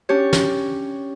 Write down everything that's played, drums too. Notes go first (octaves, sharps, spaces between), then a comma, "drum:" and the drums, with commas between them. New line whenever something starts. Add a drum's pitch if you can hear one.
C#4 D4 G4 C#5
drum: snare